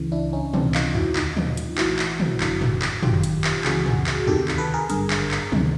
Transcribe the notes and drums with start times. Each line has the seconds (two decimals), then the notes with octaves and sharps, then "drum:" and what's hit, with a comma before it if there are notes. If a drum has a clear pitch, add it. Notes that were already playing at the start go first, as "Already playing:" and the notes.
Already playing: C#2 C#3 E3
0.12 D4 E4
0.33 C#4 D#4
0.54 C#2 C3 E3 C4 D4, drum: tom
0.75 D#4 F4, drum: clap
0.95 E4 F#4, drum: tom
1.16 D#2 D3 D#4 F4, drum: clap
1.37 drum: tom
1.57 drum: hi-hat
1.78 A#1 A2 E3 E4 F#4, drum: clap
1.99 drum: clap
2.20 drum: tom
2.40 G1 F#2 D3, drum: clap
2.61 drum: tom
2.82 drum: clap
3.03 G1 F#2 D#3 F4 G4, drum: tom
3.24 drum: hi-hat
3.44 drum: clap
3.64 C#2 C#3 E3 F#4 G#4, drum: clap
3.86 drum: tom
4.07 drum: clap
4.27 D2 C3 D#3 G4 A4, drum: tom
4.48 drum: clap
4.58 A4 B4
4.74 G#4 A#4
4.90 G#1 G2 D3 G#4 A#4, drum: hi-hat
5.10 drum: clap
5.31 drum: clap
5.52 D2 C3 D#3, drum: tom